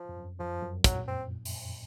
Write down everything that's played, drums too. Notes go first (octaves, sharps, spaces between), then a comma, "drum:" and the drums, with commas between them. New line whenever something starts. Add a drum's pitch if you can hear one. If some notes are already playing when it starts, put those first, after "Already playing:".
Already playing: F3
F2
F#2
F2 F3
F#2
A#2 F#3, drum: kick, hi-hat
C4
drum: open hi-hat